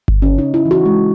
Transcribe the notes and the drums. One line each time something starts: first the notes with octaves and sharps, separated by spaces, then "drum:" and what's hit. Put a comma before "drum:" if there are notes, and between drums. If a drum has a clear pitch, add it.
drum: kick G1
C#3 C#4
D#4
C#3
E4
E3
F#4
G#3